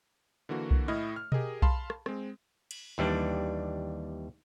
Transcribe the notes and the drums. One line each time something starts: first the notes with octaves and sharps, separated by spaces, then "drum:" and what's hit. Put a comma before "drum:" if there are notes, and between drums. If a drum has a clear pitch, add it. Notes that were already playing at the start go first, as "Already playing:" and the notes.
D3 E3 A#3 F#4
drum: kick B1
A2 E4 D#5 F6
F6
G4 G#4 A#4 D#5, drum: tom B2
F5 A5 B5 C6, drum: kick B1
drum: rim click
G#3 C4, drum: rim click
drum: cymbal
D#2 E3 G3 D4